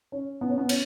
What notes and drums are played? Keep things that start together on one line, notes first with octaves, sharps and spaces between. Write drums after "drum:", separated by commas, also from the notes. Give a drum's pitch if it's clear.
C#4
B3
C#4
B3
C#4, drum: cymbal